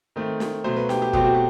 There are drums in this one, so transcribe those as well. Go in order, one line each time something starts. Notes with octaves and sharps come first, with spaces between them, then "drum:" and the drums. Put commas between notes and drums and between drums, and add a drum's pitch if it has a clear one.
D#3 A3 C4
drum: snare
B2 F#3 A3 C5
B4
G4, drum: snare
G4
B2 F#3 A3 C4 G4, drum: kick
F#4
G4